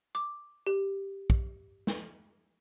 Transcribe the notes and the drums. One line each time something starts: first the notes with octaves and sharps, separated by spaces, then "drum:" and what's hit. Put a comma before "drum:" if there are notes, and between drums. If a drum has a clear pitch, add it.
D6
G4
drum: kick
drum: snare